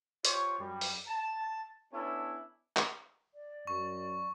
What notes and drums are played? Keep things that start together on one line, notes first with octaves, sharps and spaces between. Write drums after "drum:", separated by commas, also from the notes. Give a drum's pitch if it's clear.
F4 G4 C5 C#5, drum: hi-hat
F#2 G3
drum: open hi-hat
A5
B3 C#4 D4 E4 A4
drum: clap
D5
F#2 C#6